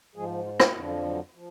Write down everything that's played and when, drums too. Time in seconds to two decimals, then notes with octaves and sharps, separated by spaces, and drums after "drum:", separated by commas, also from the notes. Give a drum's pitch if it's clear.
0.16 G#2 F3 G#3 G#4
0.45 F3 F4
0.60 A3 A4, drum: rim click
0.74 F2 B2 D3 F3 B3
0.88 F#3
1.03 F#3
1.35 F3